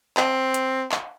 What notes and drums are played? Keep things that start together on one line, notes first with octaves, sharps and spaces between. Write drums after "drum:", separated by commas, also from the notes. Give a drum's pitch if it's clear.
C4, drum: clap
drum: hi-hat
drum: clap